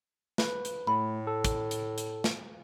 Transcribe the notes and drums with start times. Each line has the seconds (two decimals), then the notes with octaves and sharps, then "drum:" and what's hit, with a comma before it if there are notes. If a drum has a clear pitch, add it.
0.38 B4, drum: snare
0.65 drum: hi-hat
0.87 A2 A3 B5
1.27 A4
1.45 drum: kick, hi-hat
1.71 drum: hi-hat
1.98 drum: hi-hat
2.24 drum: snare